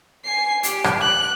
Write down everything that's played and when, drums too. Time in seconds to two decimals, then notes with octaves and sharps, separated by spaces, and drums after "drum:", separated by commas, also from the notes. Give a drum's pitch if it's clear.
0.24 G#5 C7
0.63 G4, drum: hi-hat
0.84 drum: rim click
1.01 F#6